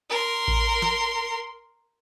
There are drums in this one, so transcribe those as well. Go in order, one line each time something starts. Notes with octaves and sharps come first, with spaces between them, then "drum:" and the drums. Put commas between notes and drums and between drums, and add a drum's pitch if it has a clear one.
A#4 C6
drum: kick A1
drum: snare